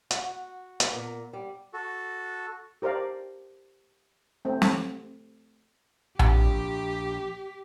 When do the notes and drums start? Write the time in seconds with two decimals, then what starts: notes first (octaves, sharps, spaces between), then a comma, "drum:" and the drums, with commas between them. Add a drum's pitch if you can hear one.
0.11 F#4, drum: hi-hat
0.80 B3, drum: hi-hat
0.93 A#2
1.33 G3
1.74 F#4 A4
2.82 G4 A#4 C5 D5 F5
4.45 A3 C4
4.62 drum: snare
6.19 A#1 G4, drum: tom A#1